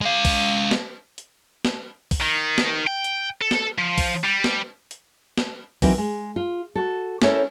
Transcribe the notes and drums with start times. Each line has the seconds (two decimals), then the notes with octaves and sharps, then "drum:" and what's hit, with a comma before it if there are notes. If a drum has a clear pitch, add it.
0.01 G#3 F5
0.25 drum: kick B1, open hi-hat
0.71 drum: snare
1.18 drum: hi-hat
1.65 drum: snare
2.11 drum: kick B1, open hi-hat
2.22 D#3
2.58 drum: snare
2.87 G5
3.04 drum: hi-hat
3.41 A4
3.51 drum: snare
3.78 F3
3.98 drum: kick B1, open hi-hat
4.24 G3
4.44 drum: snare
4.91 drum: hi-hat
5.37 drum: snare
5.82 E3 F#3 C4 D#4 E4 A#4, drum: kick B1, open hi-hat
5.98 G#3
6.36 F4
6.75 F#4 A4
7.22 C#4 E4 A4 A#4 C5 C#5, drum: snare